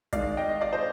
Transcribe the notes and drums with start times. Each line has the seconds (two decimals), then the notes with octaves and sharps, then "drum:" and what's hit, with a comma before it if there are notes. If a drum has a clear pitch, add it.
0.13 G#2 D#3 G#3 D5 F5, drum: kick, hi-hat
0.37 D#5 G5
0.49 D#5
0.61 D5 F5
0.73 C5 D#5